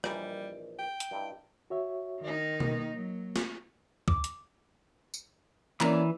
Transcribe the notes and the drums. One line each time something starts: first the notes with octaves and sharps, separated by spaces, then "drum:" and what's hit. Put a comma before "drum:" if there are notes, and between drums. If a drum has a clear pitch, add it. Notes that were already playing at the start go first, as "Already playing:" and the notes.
A#1 E3 G3 D#4, drum: rim click
G5
drum: hi-hat
G2 D#4 E4
F#4 C#5 E5
D#3 D#4
A#3, drum: tom B2
F#3
drum: snare
D6, drum: kick
drum: hi-hat
drum: tambourine
E3 A#3 C#4 D5 A#5, drum: clap